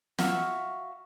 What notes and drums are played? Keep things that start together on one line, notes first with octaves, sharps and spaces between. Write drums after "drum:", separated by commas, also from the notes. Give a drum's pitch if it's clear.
F#4 E5 F5 C#6, drum: snare